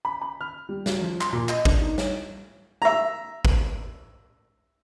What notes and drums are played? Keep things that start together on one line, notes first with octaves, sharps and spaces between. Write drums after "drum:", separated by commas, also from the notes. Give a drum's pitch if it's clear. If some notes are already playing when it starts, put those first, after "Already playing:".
B5
B5
F6
G3
F#3, drum: snare
F3
C6, drum: clap
A#2
D#5, drum: clap
D4, drum: kick G#1
D#4
C#5, drum: snare
E5 A#5
drum: kick G#1